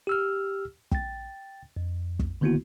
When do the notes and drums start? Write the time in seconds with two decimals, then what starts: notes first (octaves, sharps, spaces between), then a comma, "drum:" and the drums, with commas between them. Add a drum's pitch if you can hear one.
0.07 G4 E6 F6
0.92 G5 A6, drum: kick
1.77 F2
2.19 drum: kick
2.41 D3 D#3 A#3 B3 E4 F#4